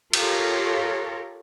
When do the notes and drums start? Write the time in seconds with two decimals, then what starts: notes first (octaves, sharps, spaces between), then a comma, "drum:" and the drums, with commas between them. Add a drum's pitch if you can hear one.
0.13 F4 G4 A4 A#4 C#5, drum: cymbal